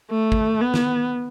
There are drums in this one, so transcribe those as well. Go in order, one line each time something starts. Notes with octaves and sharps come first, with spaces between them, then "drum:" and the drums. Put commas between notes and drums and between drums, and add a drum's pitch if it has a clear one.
A3
drum: kick G#1
B3
drum: snare